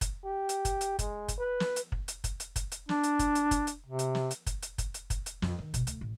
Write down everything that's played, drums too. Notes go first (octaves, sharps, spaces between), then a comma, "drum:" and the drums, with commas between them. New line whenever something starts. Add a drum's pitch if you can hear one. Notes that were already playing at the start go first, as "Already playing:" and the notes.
drum: kick, hi-hat
G4
drum: hi-hat
drum: kick, hi-hat
drum: hi-hat
G#3, drum: kick, hi-hat
drum: kick, hi-hat
B4
drum: snare
drum: hi-hat
drum: kick
drum: hi-hat
drum: kick, hi-hat
drum: hi-hat
drum: kick, hi-hat
drum: hi-hat
D4, drum: snare
drum: hi-hat
drum: kick, hi-hat
drum: hi-hat
drum: kick, hi-hat
drum: hi-hat
C3
drum: hi-hat
drum: snare
drum: hi-hat
drum: kick, hi-hat
drum: hi-hat
drum: kick, hi-hat
drum: hi-hat
drum: kick, hi-hat
drum: hi-hat
F2, drum: snare
D#3
B2, drum: kick, hi-hat
D2, drum: hi-hat
A1